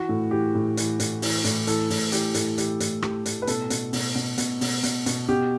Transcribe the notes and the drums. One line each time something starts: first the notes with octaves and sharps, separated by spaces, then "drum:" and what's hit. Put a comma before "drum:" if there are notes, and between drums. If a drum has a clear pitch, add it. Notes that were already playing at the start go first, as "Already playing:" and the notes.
Already playing: E3 F#4
A2
E3 G4
A2
E3, drum: hi-hat
A2, drum: hi-hat
E3, drum: open hi-hat
A2, drum: hi-hat
E3 A4, drum: hi-hat
A2, drum: open hi-hat
E3 G4, drum: hi-hat
A2, drum: hi-hat
E3 G4, drum: hi-hat
A2, drum: hi-hat
E3 G4, drum: rim click
A2, drum: hi-hat
B4
B2 A4, drum: hi-hat
B2, drum: hi-hat
B2, drum: open hi-hat
B2
B2, drum: hi-hat
B2, drum: open hi-hat
B2, drum: hi-hat
B2, drum: hi-hat
B2 G4